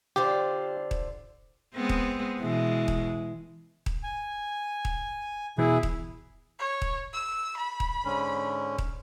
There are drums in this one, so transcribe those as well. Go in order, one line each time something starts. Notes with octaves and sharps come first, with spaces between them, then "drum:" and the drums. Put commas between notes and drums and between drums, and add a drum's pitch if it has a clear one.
D3 F4 G4 C5
drum: kick D#1
G#3 B3 C4
drum: kick D#1
B2 E3 G#3
drum: kick D#1
drum: kick D#1
G#5
drum: kick D#1
B2 E3 E4 G#4
drum: kick D#1
C#5
drum: kick D#1
E6
B5
drum: kick D#1
G#2 D3 C#4
drum: kick D#1